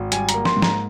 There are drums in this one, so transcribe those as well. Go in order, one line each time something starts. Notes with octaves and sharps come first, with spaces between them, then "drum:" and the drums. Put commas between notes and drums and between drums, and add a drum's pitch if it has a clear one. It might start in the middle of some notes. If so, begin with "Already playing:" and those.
Already playing: G#1
G3 G#5, drum: hi-hat
A#5, drum: hi-hat
A#3
C6, drum: snare
G#2
A#5, drum: snare